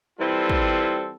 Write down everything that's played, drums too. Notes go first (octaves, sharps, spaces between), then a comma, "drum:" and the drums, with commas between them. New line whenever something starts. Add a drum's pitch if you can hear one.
E3 G3 C4 E4 F4 A4
drum: kick